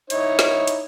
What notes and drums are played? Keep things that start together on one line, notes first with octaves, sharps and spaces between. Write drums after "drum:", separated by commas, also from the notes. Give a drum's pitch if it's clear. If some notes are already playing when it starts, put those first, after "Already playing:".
D#4 E4 C#5, drum: hi-hat
drum: snare
drum: hi-hat